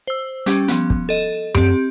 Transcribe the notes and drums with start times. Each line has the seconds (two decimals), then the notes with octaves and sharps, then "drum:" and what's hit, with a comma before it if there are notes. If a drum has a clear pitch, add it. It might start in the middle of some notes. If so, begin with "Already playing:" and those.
0.07 C5 E6
0.46 G3 C#4 G4, drum: hi-hat
0.68 F3 B3, drum: hi-hat
0.90 drum: kick
1.09 A4 D#5
1.55 C4 G4, drum: tom F#2